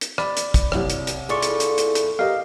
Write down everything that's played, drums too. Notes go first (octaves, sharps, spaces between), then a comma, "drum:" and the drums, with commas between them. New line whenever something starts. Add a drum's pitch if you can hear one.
drum: hi-hat
D5 B5, drum: rim click
drum: hi-hat
drum: kick, hi-hat
C2 G4 C#5, drum: rim click
drum: hi-hat
drum: hi-hat
E4 F4 G#4 A4 D5 C#6
drum: hi-hat
drum: hi-hat
drum: hi-hat
drum: hi-hat
G4 A#4 D#5 F5